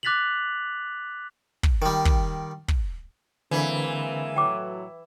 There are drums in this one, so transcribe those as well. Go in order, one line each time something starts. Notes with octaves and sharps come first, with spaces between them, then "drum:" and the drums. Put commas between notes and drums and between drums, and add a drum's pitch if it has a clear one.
D6 F#6 A6 B6 F7 F#7
drum: kick
D#3 G3
drum: kick
drum: kick
D3 E3 G#3 A#3 C4 B5
A2 F#3 G5 D6